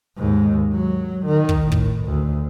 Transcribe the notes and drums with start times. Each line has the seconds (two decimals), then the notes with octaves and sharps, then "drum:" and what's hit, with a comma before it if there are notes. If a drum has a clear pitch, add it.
0.17 D#2 G#2
0.73 F#3
1.25 D#3
1.49 drum: kick
1.62 A2
1.72 drum: kick
2.05 D2